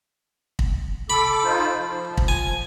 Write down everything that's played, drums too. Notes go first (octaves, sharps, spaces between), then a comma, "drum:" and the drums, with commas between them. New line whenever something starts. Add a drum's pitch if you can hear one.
drum: kick
A4 B5 D6
D#4 F4 C5
F3
drum: kick
G#5